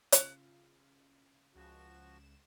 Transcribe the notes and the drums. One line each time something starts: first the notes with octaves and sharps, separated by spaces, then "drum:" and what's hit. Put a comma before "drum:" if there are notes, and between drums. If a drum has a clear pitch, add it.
C#3 F4, drum: hi-hat
C#2 F3 F#4 E7